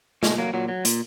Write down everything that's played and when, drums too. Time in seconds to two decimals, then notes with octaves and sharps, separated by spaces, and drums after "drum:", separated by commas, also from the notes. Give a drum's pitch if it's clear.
0.23 A#2 G#3, drum: snare
0.38 F#3 A#3
0.53 A#2 F#3
0.68 F#3
0.85 A#2, drum: hi-hat